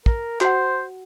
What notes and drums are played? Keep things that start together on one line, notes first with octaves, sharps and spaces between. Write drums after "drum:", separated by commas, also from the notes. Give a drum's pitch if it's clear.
A#4, drum: kick
F#4 C5 F#5, drum: clap